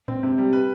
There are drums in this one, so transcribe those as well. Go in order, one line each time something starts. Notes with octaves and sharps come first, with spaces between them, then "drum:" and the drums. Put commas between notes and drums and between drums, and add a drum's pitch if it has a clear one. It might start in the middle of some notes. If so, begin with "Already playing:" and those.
C4, drum: tom A2
C3
G3
B4